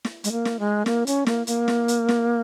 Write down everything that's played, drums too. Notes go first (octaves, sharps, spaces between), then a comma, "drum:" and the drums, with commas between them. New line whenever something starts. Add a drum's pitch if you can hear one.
drum: snare
G#3, drum: hi-hat
A#3
drum: snare
G#3
A#3, drum: snare
C#4, drum: hi-hat
A#3, drum: snare
A#3, drum: hi-hat
drum: snare
drum: hi-hat
drum: snare